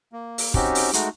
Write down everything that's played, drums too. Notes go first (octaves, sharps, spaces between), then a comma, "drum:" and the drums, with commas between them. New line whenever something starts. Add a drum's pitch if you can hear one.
A#3
drum: open hi-hat
C4 C#4 D#4 F#4 G4, drum: kick
drum: open hi-hat
G#3 A3 D#4 F#4, drum: hi-hat